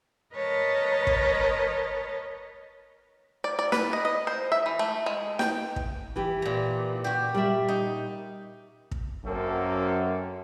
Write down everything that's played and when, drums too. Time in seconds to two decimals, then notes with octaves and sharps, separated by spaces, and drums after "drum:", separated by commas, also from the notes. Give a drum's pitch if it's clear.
0.35 A#4 B4 C#5 D#5 A5 A#5
1.07 drum: kick
3.44 D5
3.59 D5
3.72 B4, drum: snare
3.93 D#5
4.05 D#5
4.27 C5
4.52 E5
4.66 E3
4.79 A3
5.06 G#3
5.39 G5, drum: snare
5.76 drum: kick
6.16 E3 G4
6.42 A#2 A#5
7.04 F#4 G4
7.34 G3 D5 E5
7.68 D#4
8.91 drum: kick
9.25 F#2 A#3 C4 A4